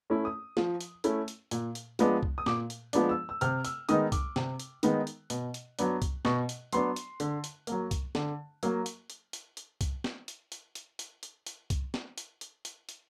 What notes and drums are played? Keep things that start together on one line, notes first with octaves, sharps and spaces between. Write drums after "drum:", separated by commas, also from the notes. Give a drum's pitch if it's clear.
A3 C#4 E4
D#6
F3, drum: snare
drum: hi-hat
A3 C#4 E4, drum: hi-hat
drum: hi-hat
A#2, drum: hi-hat
drum: hi-hat
F3 G#3 B3 D4, drum: hi-hat
drum: kick C2
D#6
A#2 D6, drum: snare
drum: hi-hat
F3 G#3 B3 D4, drum: hi-hat
E6
E6
C3 F6, drum: hi-hat
E6, drum: hi-hat
D#3 G#3 B3 D#4 D#6, drum: hi-hat
D6, drum: kick C2, hi-hat
C3, drum: snare
drum: hi-hat
D#3 G#3 B3 D#4, drum: hi-hat
drum: hi-hat
B2, drum: hi-hat
drum: hi-hat
F#3 B3 D4, drum: hi-hat
drum: kick C2, hi-hat
B2 C#6, drum: snare
drum: hi-hat
F#3 B3 D4 C6, drum: hi-hat
drum: hi-hat
D3, drum: hi-hat
drum: hi-hat
F#3 A#3, drum: hi-hat
drum: kick C2, hi-hat
D3, drum: snare
F#3 A#3, drum: hi-hat
drum: hi-hat
drum: hi-hat
drum: hi-hat
drum: hi-hat
drum: kick C2, hi-hat
drum: snare
drum: hi-hat
drum: hi-hat
drum: hi-hat
drum: hi-hat
drum: hi-hat
drum: hi-hat
drum: kick C2, hi-hat
drum: snare
drum: hi-hat
drum: hi-hat
drum: hi-hat
drum: hi-hat